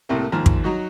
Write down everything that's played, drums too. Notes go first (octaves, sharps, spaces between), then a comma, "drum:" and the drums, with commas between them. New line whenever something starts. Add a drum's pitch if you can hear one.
C2 A2 C3 A3 A#3
D#2 G#2 F3 A#5 F6
drum: kick
F#3 D#4 F#4